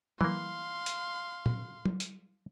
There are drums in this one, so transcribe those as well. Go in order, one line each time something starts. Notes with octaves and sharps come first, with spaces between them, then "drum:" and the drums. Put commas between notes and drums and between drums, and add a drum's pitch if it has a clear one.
E3 A#3 F5 C6, drum: tom F#3
drum: hi-hat
drum: tom A#2
drum: tom F#3
drum: hi-hat